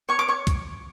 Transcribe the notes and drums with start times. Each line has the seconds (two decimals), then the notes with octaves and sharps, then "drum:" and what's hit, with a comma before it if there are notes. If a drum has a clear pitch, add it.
0.09 C#5 C#6
0.19 D6
0.28 C#5 C#6
0.47 drum: kick, hi-hat